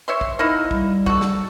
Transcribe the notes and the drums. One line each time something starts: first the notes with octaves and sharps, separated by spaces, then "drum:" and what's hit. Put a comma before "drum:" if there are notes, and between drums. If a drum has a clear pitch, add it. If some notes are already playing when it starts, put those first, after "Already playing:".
C#5 E5 C6
drum: kick
A#3 D#4 E4
G3, drum: kick
F#4 A4, drum: kick
drum: snare